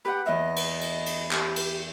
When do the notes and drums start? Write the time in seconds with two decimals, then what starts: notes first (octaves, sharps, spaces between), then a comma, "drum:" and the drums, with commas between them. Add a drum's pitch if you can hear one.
0.05 G4 B4 F#5
0.26 E2 D#5 E5
0.56 drum: cymbal
0.81 drum: cymbal
1.06 drum: cymbal
1.31 G4, drum: clap
1.56 drum: cymbal